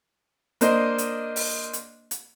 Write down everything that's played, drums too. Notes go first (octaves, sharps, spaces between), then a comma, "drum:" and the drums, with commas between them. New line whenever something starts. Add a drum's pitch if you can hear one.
A#3 D4 C5 D#5, drum: hi-hat
drum: hi-hat
drum: open hi-hat
drum: hi-hat
drum: hi-hat